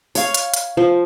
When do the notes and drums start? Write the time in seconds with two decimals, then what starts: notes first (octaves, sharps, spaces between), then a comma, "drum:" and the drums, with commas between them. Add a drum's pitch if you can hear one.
0.15 C#5 F5, drum: open hi-hat
0.34 drum: hi-hat
0.54 drum: hi-hat
0.77 F3 C5